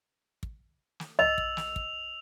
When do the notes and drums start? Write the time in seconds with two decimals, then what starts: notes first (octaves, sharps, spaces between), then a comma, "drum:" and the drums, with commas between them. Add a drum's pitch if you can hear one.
0.43 drum: kick
1.00 drum: snare
1.19 D#5 E6 F7, drum: tom
1.38 drum: kick
1.57 drum: snare
1.76 drum: kick